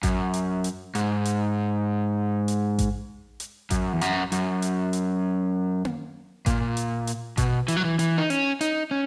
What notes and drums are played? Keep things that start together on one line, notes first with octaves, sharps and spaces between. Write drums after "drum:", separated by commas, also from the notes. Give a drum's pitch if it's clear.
F#2, drum: kick A1, hi-hat
drum: hi-hat
drum: hi-hat
G#2, drum: hi-hat
drum: hi-hat
drum: hi-hat
drum: kick A1, hi-hat
drum: hi-hat
F#2, drum: kick A1, hi-hat
E2
F#2, drum: hi-hat
F#2, drum: hi-hat
drum: hi-hat
drum: hi-hat
drum: tom A#3
A#2, drum: kick A1, hi-hat
drum: hi-hat
drum: hi-hat
B2, drum: kick A1, hi-hat
E3, drum: hi-hat
F#3
E3
E3, drum: hi-hat
D#4
C#4, drum: hi-hat
D#4, drum: hi-hat
C#4